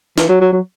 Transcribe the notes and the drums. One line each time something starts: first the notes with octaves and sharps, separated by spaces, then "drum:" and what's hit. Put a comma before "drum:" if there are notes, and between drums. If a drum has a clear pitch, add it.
E3, drum: snare
F#3
F#3
F#3